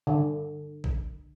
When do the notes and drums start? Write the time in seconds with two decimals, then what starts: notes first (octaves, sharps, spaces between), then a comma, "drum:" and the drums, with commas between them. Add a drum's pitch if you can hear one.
0.07 D3
0.84 drum: kick A#1